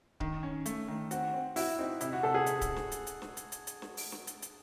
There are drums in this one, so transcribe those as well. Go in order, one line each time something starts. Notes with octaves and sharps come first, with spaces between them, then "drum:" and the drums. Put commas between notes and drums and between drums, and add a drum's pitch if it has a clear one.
D#3, drum: kick C#1
C#4
A3, drum: hi-hat
D#3
C4 F#4, drum: hi-hat
C4
E4 F#4, drum: open hi-hat
C4 D#4
C3 E4, drum: hi-hat
F#4
C3 A4
G#4
drum: hi-hat
drum: kick C#1, hi-hat
drum: snare
drum: hi-hat
drum: hi-hat
drum: snare
drum: hi-hat
drum: hi-hat
drum: hi-hat
drum: snare
drum: open hi-hat
drum: snare
drum: hi-hat
drum: hi-hat